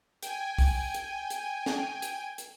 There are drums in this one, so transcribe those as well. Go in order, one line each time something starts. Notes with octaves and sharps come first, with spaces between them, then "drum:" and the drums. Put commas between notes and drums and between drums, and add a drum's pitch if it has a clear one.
G5 G#5, drum: hi-hat
drum: kick, open hi-hat
drum: hi-hat
drum: hi-hat
drum: snare
drum: hi-hat
drum: hi-hat